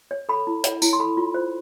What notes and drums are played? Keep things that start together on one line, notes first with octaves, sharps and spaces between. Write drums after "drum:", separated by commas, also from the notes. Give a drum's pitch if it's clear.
C#5
A4 B5
E4
C#5, drum: hi-hat
E4, drum: tambourine
C6
A4 B5
F4
C5